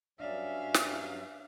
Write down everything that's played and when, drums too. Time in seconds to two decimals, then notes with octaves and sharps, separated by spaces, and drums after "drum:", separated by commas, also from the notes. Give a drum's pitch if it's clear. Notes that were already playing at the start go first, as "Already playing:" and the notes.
0.19 G2 F#3 C#4 D4 D5 E5 F5
0.74 drum: snare